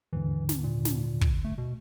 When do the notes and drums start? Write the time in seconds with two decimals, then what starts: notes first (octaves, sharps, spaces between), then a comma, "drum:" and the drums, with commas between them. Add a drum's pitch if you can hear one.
0.13 D#2 G#2 D3 E3
0.49 drum: snare
0.64 A#2
0.85 drum: snare
1.21 drum: kick
1.45 A3
1.58 B2